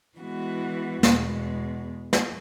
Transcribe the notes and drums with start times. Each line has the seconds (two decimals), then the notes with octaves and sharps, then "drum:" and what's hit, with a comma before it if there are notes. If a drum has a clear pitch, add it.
0.19 E3 G#3 B3 F#4
1.03 E2 B2 G#3, drum: snare
2.13 drum: snare